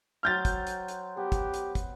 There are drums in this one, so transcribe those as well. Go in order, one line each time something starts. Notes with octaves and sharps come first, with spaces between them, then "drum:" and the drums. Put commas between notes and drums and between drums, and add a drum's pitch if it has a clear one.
F#3 C5 G5 F6 G6 A6
drum: kick, hi-hat
drum: hi-hat
drum: hi-hat
B3 G4
drum: kick, hi-hat
drum: hi-hat
drum: kick, hi-hat